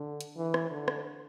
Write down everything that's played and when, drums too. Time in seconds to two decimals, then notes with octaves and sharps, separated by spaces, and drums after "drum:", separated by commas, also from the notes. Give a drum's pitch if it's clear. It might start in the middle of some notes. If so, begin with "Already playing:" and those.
Already playing: D3
0.21 drum: hi-hat
0.37 E3
0.54 drum: rim click
0.71 D3
0.88 drum: rim click